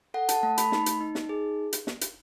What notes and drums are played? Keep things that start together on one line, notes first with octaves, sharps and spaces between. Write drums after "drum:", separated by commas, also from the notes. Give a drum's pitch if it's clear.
A4 F#5
A5, drum: hi-hat
A3 A5
B5, drum: hi-hat
D#4, drum: snare
drum: hi-hat
D#4
drum: snare
G#4
drum: hi-hat
drum: snare
drum: hi-hat